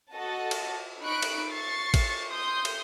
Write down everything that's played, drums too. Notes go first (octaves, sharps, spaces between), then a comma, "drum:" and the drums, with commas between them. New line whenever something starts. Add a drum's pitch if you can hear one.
F#4 A4 D#5 A5
drum: cymbal
D#4 B5 C#6 F#6 D7
drum: cymbal
C#6 A6 C7
drum: kick, cymbal
C6 D#6 G6
drum: cymbal